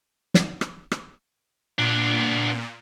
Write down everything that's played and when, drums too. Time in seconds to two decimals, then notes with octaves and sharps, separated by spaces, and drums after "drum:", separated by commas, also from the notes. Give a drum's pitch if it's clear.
0.34 drum: snare
0.61 drum: rim click
0.92 drum: rim click
1.79 A#2 B3 D4